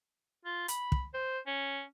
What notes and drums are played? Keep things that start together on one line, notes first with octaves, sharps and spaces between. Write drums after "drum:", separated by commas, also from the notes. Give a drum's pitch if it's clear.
F4
B5, drum: hi-hat
drum: kick
C5
C#4